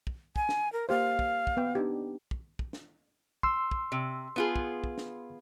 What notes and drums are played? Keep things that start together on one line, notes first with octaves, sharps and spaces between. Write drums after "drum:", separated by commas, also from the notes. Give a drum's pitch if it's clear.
drum: kick
G#5, drum: kick
drum: snare
A#4
A#3 G4 C5 F5
drum: kick
drum: kick
B3 G5
D4 D#4 G4
drum: kick
drum: kick
drum: snare
C6 E6, drum: kick
drum: kick
C3
B3 F4 G#4
drum: kick
drum: kick
drum: snare